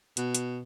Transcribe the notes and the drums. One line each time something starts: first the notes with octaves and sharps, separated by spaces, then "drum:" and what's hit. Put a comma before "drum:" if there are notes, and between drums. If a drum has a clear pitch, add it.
B2, drum: hi-hat
drum: hi-hat